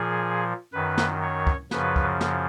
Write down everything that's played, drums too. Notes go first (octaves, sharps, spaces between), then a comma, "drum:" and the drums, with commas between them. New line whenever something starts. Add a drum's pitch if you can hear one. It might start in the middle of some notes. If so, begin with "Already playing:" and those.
Already playing: A#2 F3 G#4
F#2 D#3 B4
drum: snare
C#5
drum: kick
F#2 C#3 F3 B4, drum: snare
drum: kick
drum: snare